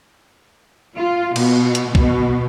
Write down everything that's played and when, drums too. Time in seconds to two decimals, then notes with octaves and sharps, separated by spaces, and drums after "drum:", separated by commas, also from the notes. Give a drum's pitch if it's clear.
0.97 F4
1.36 B2, drum: cymbal
1.75 drum: hi-hat
1.95 B2, drum: kick